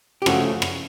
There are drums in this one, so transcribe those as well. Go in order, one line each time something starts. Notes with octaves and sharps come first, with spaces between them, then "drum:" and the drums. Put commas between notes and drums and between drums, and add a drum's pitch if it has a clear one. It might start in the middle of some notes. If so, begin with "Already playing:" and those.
G4
C#3 F3 A3 C#4 F#4, drum: rim click
drum: rim click